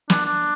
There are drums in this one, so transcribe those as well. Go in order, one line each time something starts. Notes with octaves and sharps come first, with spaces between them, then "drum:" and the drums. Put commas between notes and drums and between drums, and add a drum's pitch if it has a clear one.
D4, drum: snare
D4